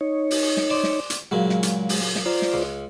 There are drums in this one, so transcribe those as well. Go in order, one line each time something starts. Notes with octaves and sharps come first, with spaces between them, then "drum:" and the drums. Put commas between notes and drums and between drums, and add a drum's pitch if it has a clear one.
D#4 C#5
drum: open hi-hat
drum: snare
C5 D5
drum: snare
drum: hi-hat
A#2 C#3 F#3 G#3
drum: snare
drum: hi-hat
drum: open hi-hat
drum: snare
F4 C5 D5 A#5
drum: snare
C#2